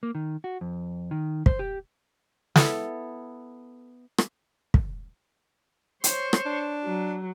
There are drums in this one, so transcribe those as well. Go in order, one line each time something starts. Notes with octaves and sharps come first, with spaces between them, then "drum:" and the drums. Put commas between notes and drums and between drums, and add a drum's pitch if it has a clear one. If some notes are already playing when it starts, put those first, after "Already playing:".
A#3
D#3
F#4
F2
D#3
C5, drum: kick
G4
B3 E4 A4, drum: snare
drum: rim click
drum: kick
C5 C#5, drum: hi-hat
drum: rim click
D4
F#3